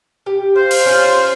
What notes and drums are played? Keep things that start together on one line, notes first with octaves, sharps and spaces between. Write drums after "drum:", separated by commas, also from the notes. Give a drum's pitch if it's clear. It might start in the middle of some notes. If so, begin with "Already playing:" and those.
G4
C5 F5
drum: open hi-hat
C#4 F4